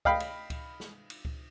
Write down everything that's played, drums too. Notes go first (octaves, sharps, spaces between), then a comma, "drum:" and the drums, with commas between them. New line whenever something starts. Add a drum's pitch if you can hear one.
D#5 F5 G5 B5, drum: kick C#2
drum: cymbal
drum: kick C#2, cymbal
drum: snare
drum: cymbal
drum: kick C#2